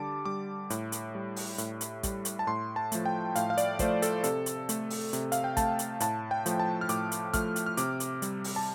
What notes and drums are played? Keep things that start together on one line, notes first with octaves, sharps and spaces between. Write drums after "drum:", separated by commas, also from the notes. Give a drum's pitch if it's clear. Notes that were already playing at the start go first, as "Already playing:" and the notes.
Already playing: D3 G3 A5 D6
G3 D6
A2, drum: hi-hat
drum: hi-hat
G3
drum: open hi-hat
A2, drum: hi-hat
drum: hi-hat
G3, drum: kick, hi-hat
drum: hi-hat
A5
A2 C6
A5
F3 A3, drum: hi-hat
G5
A2 F5, drum: hi-hat
F5
D5, drum: hi-hat
F3 A3 C5, drum: kick, hi-hat
A4, drum: hi-hat
C3 A4, drum: hi-hat
drum: hi-hat
A3, drum: hi-hat
drum: open hi-hat
C3, drum: hi-hat
F5, drum: hi-hat
G5
A3 A5, drum: kick, hi-hat
drum: hi-hat
A2 A5, drum: hi-hat
G5
F3 A3, drum: hi-hat
A5
F6
A2 D6, drum: hi-hat
drum: hi-hat
F3 A3 F6, drum: kick, hi-hat
drum: hi-hat
F6
C3 D6, drum: hi-hat
drum: hi-hat
G3, drum: hi-hat
drum: open hi-hat
A5